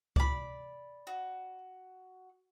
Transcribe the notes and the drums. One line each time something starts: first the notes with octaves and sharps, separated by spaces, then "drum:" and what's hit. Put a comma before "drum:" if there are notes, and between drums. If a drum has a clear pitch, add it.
D5 B5, drum: kick C#2
F#4